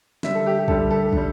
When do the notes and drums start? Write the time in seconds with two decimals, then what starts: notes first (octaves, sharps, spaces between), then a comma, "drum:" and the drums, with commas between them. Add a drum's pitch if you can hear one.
0.23 D3 G3 E5, drum: snare
0.35 A4
0.46 G4
0.58 G4
0.68 D3 G3 A4, drum: kick
0.90 A4
1.13 D3 G3, drum: kick